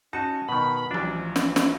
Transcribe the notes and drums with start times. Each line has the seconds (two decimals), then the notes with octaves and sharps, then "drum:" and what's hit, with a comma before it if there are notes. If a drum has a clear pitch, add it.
0.13 C#4 D#4 F#4 A5
0.49 B2 D#3 B4 B5
0.91 A1 F#2 F3 D4
1.36 drum: snare
1.56 drum: snare